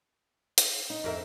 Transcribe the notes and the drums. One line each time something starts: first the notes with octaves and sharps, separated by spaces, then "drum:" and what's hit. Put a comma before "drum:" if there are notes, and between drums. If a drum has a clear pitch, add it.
drum: hi-hat
D#4
F2 A#4 E5